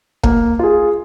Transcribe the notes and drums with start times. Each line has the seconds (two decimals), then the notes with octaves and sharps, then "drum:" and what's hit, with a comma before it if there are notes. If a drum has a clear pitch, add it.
0.23 A#3, drum: kick
0.59 F4 G#4